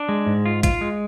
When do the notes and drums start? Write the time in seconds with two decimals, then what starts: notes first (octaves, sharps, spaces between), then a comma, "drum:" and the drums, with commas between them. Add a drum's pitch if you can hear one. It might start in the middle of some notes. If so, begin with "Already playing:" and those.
Already playing: D4
0.09 G#3
0.26 G#2
0.46 F4
0.63 F4, drum: kick A1, hi-hat
0.81 G#3